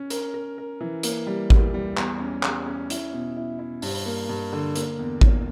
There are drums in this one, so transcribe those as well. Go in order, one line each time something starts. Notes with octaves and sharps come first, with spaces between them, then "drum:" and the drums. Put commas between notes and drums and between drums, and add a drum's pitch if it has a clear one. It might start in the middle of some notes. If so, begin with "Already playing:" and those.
Already playing: C#4
A#4, drum: hi-hat
A#4
A#4
E3
A#3, drum: hi-hat
G3
G3, drum: kick G#1
G3
E2, drum: clap
C#4
G3, drum: clap
C#4
E4, drum: hi-hat
B2
E4
E4
G2, drum: open hi-hat
A#3
G2
D3
A#3, drum: hi-hat
E2
A#3, drum: kick G#1